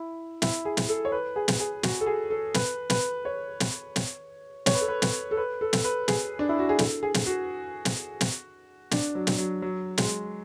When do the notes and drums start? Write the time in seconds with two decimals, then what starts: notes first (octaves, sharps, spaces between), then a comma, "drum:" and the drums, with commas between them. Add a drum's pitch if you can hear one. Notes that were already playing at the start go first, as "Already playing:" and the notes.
Already playing: E4
0.42 E4, drum: snare
0.65 G#4
0.77 drum: snare
0.89 A4
1.05 C#5
1.12 B4
1.36 G#4
1.48 drum: snare
1.60 G#4
1.83 F#4, drum: snare
2.01 A4
2.06 G#4
2.30 A4
2.54 B4, drum: snare
2.90 B4, drum: snare
3.25 C#5
3.60 drum: snare
3.96 drum: snare
4.66 C#5, drum: snare
4.74 B4
4.81 A4
4.88 B4
5.02 drum: snare
5.31 A4
5.37 B4
5.61 A4
5.73 drum: snare
5.85 B4
6.08 G#4, drum: snare
6.39 D4
6.49 E4
6.59 F#4
6.69 G#4
6.79 A4, drum: snare
7.03 G#4
7.14 drum: snare
7.27 F#4
7.85 drum: snare
8.21 drum: snare
8.91 D4, drum: snare
9.15 F#3
9.27 drum: snare
9.38 F#3
9.62 F#3
9.98 G#3, drum: snare